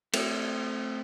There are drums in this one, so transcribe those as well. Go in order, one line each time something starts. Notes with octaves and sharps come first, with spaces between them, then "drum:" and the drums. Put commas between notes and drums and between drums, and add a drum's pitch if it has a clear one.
A3 C4, drum: cymbal